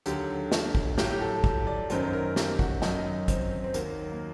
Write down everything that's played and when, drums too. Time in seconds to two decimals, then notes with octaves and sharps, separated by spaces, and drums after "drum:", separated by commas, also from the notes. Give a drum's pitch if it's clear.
0.06 D#2 D3 F#3 G4, drum: hi-hat
0.52 drum: snare
0.75 drum: kick
0.98 A2 F#3 G4, drum: snare
1.11 G4
1.21 A4
1.44 drum: kick
1.67 D5
1.90 F#2 D#3 F#3 C5, drum: hi-hat
2.02 C5
2.13 A#4
2.36 G4, drum: snare
2.59 F#4, drum: kick
2.82 F#2 D#3 F#3 D#4, drum: snare
3.28 C4, drum: kick, hi-hat
3.64 C4
3.74 D#2 D#3 F#3 A#3, drum: hi-hat
4.12 A#3